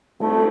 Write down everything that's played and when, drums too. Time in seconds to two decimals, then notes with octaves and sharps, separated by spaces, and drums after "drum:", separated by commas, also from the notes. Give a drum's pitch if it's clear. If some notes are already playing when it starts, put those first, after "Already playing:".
0.20 A3, drum: cymbal